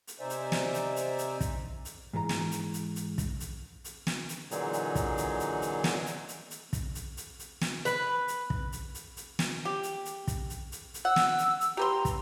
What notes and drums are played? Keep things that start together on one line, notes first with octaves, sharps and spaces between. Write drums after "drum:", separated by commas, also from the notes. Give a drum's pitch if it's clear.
drum: hi-hat
C3 D#4 C5 D5 E5 G#5
drum: hi-hat
drum: snare
drum: hi-hat
drum: hi-hat
drum: hi-hat
drum: kick, hi-hat
drum: hi-hat
G#2 E3 A#4 A#5
drum: snare
drum: hi-hat
drum: hi-hat
drum: hi-hat
drum: kick, hi-hat
drum: hi-hat
drum: hi-hat
drum: snare
drum: hi-hat
A#2 D3 E3 F#3 D#4 G#4, drum: hi-hat
drum: hi-hat
drum: kick, hi-hat
drum: hi-hat
drum: hi-hat
drum: hi-hat
drum: snare
drum: hi-hat
drum: hi-hat
drum: hi-hat
drum: kick, hi-hat
drum: hi-hat
drum: hi-hat
drum: hi-hat
drum: snare
B4, drum: hi-hat
drum: hi-hat
drum: kick
drum: hi-hat
drum: hi-hat
drum: hi-hat
drum: snare
G4
drum: hi-hat
drum: hi-hat
drum: kick, hi-hat
drum: hi-hat
drum: hi-hat
drum: hi-hat
F#5 E6
drum: snare
drum: hi-hat
drum: hi-hat
G4 B4 A#5 C6
drum: kick, hi-hat